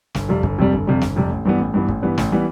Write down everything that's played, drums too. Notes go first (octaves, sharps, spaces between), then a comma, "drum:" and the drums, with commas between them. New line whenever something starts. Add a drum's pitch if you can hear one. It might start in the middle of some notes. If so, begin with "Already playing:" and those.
G1, drum: snare
F2 C3 G3
G1, drum: kick
F2 C3 G3
G1
F2 C3 G3
G1, drum: snare
F2 C3 G3
A1
G2 E3 G3 B3
A1
G2 E3 G3 B3
A1, drum: kick
G2 E3 G3 B3
A1, drum: snare
E3 G3 B3